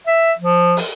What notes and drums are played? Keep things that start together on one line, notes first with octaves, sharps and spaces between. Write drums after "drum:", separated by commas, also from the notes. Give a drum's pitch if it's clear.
E5
F3
drum: open hi-hat